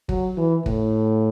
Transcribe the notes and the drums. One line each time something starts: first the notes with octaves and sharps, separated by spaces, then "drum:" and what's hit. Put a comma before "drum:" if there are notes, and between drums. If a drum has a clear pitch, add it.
F#3, drum: kick
E3
A2, drum: kick